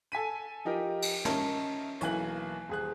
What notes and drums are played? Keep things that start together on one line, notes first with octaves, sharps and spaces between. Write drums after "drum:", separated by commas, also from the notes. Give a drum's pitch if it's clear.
A4 G#5 B6 D#7
F3 D#4 G4 A#4
drum: cymbal
C#4 D#4 A#4 E5 A5, drum: snare
B1 E3 A#3 G#5 F#6 F#7, drum: hi-hat
D#1 G#4 F#6